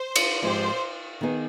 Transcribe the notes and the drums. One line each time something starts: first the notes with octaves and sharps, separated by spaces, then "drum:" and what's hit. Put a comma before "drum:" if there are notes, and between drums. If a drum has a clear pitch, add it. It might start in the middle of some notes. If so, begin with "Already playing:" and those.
Already playing: C5
drum: cymbal
G#2 F3 G#3 C4 G4 C5
D#3 B3 D#4 G#4